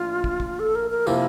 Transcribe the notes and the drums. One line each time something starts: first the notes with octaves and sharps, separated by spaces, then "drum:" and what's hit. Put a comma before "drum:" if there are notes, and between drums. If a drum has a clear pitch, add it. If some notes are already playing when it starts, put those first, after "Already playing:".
Already playing: A#1 A2 D4 F4
drum: kick
drum: kick
A4
A#4
A#4
C3 F3 A#3 E4, drum: tambourine